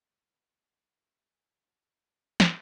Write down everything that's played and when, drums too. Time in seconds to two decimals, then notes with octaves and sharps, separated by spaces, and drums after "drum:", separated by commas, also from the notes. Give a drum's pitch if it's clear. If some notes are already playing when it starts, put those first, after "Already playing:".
0.10 C#3 G#3 D5 A5
0.29 A2 D3 F#3 B3 B5
1.01 D4 E4 G4 A#4 D5 E5
1.34 G#5
1.65 F#2 F4 A#4 C#5 F#5 A5
2.40 drum: snare